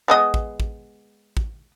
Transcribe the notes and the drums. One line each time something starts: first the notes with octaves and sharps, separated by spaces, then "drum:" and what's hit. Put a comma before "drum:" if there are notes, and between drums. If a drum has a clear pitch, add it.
G#3 B3 D#5
drum: kick
drum: kick
drum: kick